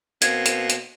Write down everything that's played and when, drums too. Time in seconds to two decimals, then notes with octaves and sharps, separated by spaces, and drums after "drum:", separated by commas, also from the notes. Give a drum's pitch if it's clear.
0.22 B2 A#3 C4 G#6, drum: hi-hat
0.46 drum: hi-hat
0.70 drum: hi-hat